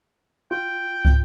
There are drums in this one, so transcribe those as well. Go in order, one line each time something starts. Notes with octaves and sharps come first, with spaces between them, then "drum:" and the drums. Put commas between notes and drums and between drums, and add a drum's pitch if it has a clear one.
F4 G5
drum: kick